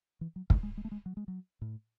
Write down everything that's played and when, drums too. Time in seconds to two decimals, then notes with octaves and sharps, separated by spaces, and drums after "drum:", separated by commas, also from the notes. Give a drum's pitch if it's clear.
0.21 E3
0.36 F#3
0.50 G#3, drum: kick
0.63 G#3
0.77 G#3
0.85 A3
0.92 G#3
1.06 F#3
1.17 G#3
1.28 F#3
1.62 A2